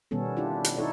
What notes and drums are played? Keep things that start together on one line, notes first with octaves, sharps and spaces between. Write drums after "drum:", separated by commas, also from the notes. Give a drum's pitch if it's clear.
B2 D#3 G3 B3 C#4 A4
D4 E4 F4 G4
drum: hi-hat
D#4 E4 A4 C#5 D5